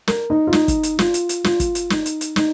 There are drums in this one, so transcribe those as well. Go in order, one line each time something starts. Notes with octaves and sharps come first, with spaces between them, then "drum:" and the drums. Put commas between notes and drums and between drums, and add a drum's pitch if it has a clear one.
A#4, drum: snare
D#4
F4
D#4, drum: snare
drum: kick G1, hi-hat
drum: hi-hat
F4, drum: snare
drum: hi-hat
drum: hi-hat
F4, drum: snare
drum: kick G1, hi-hat
drum: hi-hat
D#4, drum: snare
drum: hi-hat
drum: hi-hat
D#4, drum: snare